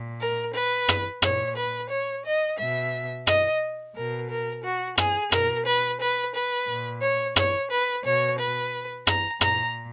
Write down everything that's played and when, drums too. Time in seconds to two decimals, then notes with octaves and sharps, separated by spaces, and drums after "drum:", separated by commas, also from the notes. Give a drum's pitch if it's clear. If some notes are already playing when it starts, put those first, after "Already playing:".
Already playing: A#2
0.20 A#4
0.54 B4
0.88 drum: rim click
1.22 A#2 C#5, drum: rim click
1.56 B4
1.90 C#5
2.25 D#5
2.59 B2 E5
3.27 D#5, drum: rim click
3.96 B2 A#4
4.29 A#4
4.63 F#4
4.98 G#4, drum: rim click
5.32 B2 A#4, drum: rim click
5.66 B4
6.00 B4
6.35 B4
6.68 A#2
7.02 C#5
7.36 C#5, drum: rim click
7.70 B4
8.05 B2 C#5
8.39 B4
9.07 A#5, drum: rim click
9.41 A#2 A#5, drum: rim click